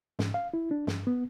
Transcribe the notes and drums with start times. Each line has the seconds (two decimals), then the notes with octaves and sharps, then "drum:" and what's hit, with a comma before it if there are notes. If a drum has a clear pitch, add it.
0.19 G#2, drum: snare
0.34 F5
0.54 E4
0.71 D4
0.87 G2, drum: snare
1.07 B3